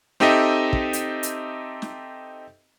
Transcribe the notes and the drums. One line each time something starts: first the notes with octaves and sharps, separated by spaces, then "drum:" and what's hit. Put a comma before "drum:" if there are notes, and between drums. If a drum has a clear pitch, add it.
C4 D#4 G4 A4 D#5 E5, drum: snare
drum: kick
drum: hi-hat
drum: hi-hat
drum: snare